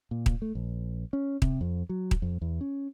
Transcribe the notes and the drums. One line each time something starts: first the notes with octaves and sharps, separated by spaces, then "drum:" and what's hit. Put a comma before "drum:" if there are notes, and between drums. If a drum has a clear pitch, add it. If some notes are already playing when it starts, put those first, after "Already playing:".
A#2
drum: kick D#1
A3
A#1
C#4
C3, drum: kick D#1
F2
F#3
drum: kick D#1
F2
E2
C#4